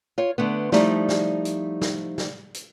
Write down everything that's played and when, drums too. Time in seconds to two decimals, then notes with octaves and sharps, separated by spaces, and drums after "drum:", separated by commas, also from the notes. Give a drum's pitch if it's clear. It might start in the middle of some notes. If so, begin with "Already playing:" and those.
0.18 F4 C#5
0.38 D3 A3 B3
0.72 F3 G3 A3 D#4 E4 D5, drum: snare
1.09 drum: snare
1.45 drum: hi-hat
1.82 drum: snare
2.18 drum: snare
2.54 drum: hi-hat